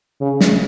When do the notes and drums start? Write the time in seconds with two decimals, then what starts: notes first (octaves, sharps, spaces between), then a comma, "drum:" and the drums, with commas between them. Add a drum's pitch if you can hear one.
0.21 C#3
0.40 drum: snare